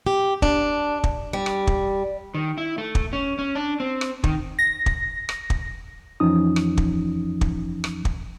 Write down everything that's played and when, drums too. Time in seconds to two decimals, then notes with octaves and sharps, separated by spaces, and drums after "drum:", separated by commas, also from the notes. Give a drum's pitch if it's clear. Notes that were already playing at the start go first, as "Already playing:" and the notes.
0.07 G4
0.42 D4, drum: kick
1.04 drum: kick
1.33 G3
1.46 drum: rim click
1.67 drum: kick
2.35 D#3
2.58 E4
2.78 A3
2.95 drum: kick
3.13 C#4
3.39 C#4
3.55 D4
3.80 C4
4.01 drum: rim click
4.24 D#3, drum: kick
4.59 A#6
4.86 drum: kick
5.29 drum: rim click
5.50 drum: kick
6.20 F2 E3 F3 C#4 D#4 D#6
6.56 drum: rim click
6.77 drum: kick
7.41 drum: kick
7.84 drum: rim click
8.05 drum: kick